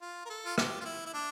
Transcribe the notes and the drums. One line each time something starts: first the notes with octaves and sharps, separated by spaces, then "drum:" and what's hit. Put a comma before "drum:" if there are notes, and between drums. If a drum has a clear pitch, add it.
F4
A#4
A4
F4
G4, drum: rim click
F4
E4
E4
D4